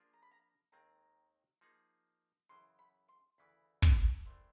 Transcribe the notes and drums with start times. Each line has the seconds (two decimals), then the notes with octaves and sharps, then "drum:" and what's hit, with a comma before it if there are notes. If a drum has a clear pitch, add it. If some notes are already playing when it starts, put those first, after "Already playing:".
Already playing: F3 A#3 D4 F4 G#4
0.14 A#5
0.22 B5
0.31 A#5
0.72 D#2 D#3 G#3 C4 A#5
1.61 F3 A#3 D#4 G#4
2.49 F#2 C#3 E3 C6
2.79 B5
3.09 C6
3.38 D2 C#3 E3 B5
3.82 drum: kick
4.26 C2 C3 E3 A3 C6